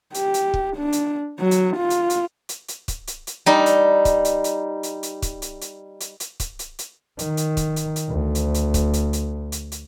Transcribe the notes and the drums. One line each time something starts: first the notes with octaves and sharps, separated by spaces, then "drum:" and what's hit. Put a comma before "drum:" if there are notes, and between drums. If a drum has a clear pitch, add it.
G4, drum: hi-hat
drum: hi-hat
drum: kick
D4
drum: hi-hat
F#3
drum: hi-hat
F4
drum: hi-hat
drum: hi-hat
drum: hi-hat
drum: hi-hat
drum: kick, hi-hat
drum: hi-hat
drum: hi-hat
G3 D#4
drum: hi-hat
drum: kick, hi-hat
drum: hi-hat
drum: hi-hat
drum: hi-hat
drum: hi-hat
drum: kick, hi-hat
drum: hi-hat
drum: hi-hat
drum: hi-hat
drum: hi-hat
drum: kick, hi-hat
drum: hi-hat
drum: hi-hat
D#3, drum: hi-hat
drum: hi-hat
drum: kick, hi-hat
drum: hi-hat
drum: hi-hat
D2
drum: hi-hat
drum: hi-hat
drum: kick, hi-hat
drum: hi-hat
drum: hi-hat
drum: hi-hat
drum: hi-hat